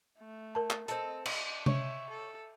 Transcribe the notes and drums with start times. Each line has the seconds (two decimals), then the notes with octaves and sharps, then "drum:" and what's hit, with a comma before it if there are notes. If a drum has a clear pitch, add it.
0.19 A3
0.55 A#4 A5
0.70 drum: clap
0.88 C4 A4 D#5, drum: hi-hat
1.26 D4 D#5, drum: cymbal
1.66 C#5 E5, drum: tom C3
2.10 A4